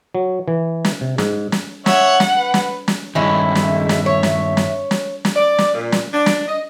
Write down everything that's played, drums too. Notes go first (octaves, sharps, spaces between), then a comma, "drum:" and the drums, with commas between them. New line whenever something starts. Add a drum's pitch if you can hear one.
F#3
E3
drum: snare
C3
G#2, drum: snare
drum: snare
C#5 E5 F#5, drum: snare
drum: snare
B4
drum: snare
drum: snare
G2 D#3 G#3 C#4 E4 E5
drum: snare
drum: snare
C#5
drum: snare
drum: snare
drum: snare
drum: snare
D5
drum: snare
A#2
drum: snare
D4
drum: snare
D#5